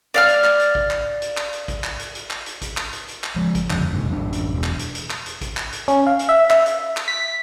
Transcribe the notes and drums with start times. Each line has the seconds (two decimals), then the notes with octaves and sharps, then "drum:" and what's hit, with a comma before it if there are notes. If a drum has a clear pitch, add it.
0.14 D5 F5 F6
0.28 drum: hi-hat
0.44 drum: clap
0.59 drum: hi-hat
0.75 drum: kick
0.91 drum: clap
1.22 drum: hi-hat
1.37 drum: clap
1.53 drum: hi-hat
1.68 drum: kick, hi-hat
1.84 drum: clap
1.99 drum: hi-hat
2.15 drum: hi-hat
2.30 drum: clap
2.46 drum: hi-hat
2.62 drum: kick, hi-hat
2.77 drum: clap
2.93 drum: hi-hat
3.08 drum: hi-hat
3.24 drum: clap
3.36 F3 G#3
3.55 drum: kick, hi-hat
3.70 F#1 F2 D3, drum: clap
3.93 F1 G#2
4.09 A1 F#2 D#3 D4
4.33 drum: hi-hat
4.54 E1
4.64 drum: clap
4.79 drum: hi-hat
4.95 drum: hi-hat
5.10 drum: clap
5.26 drum: hi-hat
5.41 drum: kick, hi-hat
5.57 drum: clap
5.72 drum: hi-hat
5.88 C#4, drum: hi-hat
6.07 F5
6.19 drum: hi-hat
6.29 E5
6.50 E5, drum: clap
6.66 drum: hi-hat
6.97 drum: clap
7.08 B6